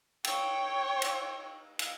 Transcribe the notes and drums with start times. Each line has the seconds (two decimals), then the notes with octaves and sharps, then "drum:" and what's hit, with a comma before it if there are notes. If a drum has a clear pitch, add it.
0.24 C#5 G5, drum: cymbal
1.02 drum: cymbal
1.79 drum: cymbal